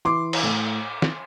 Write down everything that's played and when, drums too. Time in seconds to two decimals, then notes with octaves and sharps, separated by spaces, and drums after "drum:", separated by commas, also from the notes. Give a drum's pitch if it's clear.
0.05 E3 C6 D6
0.33 drum: cymbal
0.43 A2
1.02 drum: snare